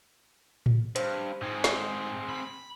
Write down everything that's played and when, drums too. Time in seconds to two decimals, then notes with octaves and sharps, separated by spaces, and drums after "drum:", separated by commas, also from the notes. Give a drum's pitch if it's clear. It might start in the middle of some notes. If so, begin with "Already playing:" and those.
0.66 drum: tom A2
0.96 G2 C5, drum: hi-hat
1.42 G#2 C4 G#4
1.64 drum: snare
2.29 B5